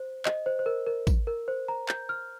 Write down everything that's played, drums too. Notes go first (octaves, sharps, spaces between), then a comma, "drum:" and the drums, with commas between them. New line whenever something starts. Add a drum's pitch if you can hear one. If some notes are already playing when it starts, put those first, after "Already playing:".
Already playing: C5
D#5, drum: clap
C5
C5
A#4
A#4
drum: kick, tambourine
A#4
C5
A#5
G6, drum: clap
F6